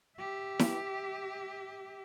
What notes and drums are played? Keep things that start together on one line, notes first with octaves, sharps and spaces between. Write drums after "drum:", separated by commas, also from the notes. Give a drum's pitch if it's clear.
G4 E5
drum: snare E4